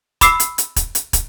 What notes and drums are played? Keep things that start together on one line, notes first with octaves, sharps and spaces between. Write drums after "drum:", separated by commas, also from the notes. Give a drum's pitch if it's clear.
B5 D6 E6 C7, drum: kick, hi-hat
drum: hi-hat
drum: hi-hat
drum: kick, hi-hat
drum: hi-hat
drum: kick, hi-hat